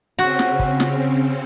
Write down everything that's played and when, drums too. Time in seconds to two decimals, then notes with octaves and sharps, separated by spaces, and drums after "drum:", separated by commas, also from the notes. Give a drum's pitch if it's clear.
0.19 C#3 C4 C#4 F#4
0.39 drum: snare
0.59 drum: kick
0.80 drum: snare